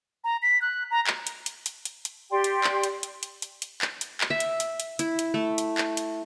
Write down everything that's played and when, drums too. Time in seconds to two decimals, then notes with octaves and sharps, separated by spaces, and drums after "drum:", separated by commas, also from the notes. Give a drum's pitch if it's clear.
0.24 A#5
0.42 B6
0.62 F#6
0.91 A#5
1.07 drum: clap
1.27 drum: hi-hat
1.46 drum: hi-hat
1.66 drum: hi-hat
1.85 drum: hi-hat
2.05 drum: hi-hat
2.31 G4 D5 G5 C6
2.44 drum: hi-hat
2.64 drum: clap
2.83 drum: hi-hat
3.03 drum: hi-hat
3.23 drum: hi-hat
3.42 drum: hi-hat
3.62 drum: hi-hat
3.82 drum: clap
4.01 drum: hi-hat
4.21 drum: clap
4.30 E5
4.40 drum: hi-hat
4.60 drum: hi-hat
4.80 drum: hi-hat
4.99 E4, drum: hi-hat
5.19 drum: hi-hat
5.34 A3
5.58 drum: hi-hat
5.78 drum: clap
5.97 drum: hi-hat